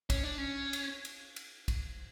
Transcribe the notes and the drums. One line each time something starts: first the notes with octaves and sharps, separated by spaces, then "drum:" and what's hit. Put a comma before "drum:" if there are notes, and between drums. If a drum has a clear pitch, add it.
C#4, drum: kick, cymbal
D4
C#4
drum: cymbal
drum: cymbal
drum: cymbal
drum: kick, cymbal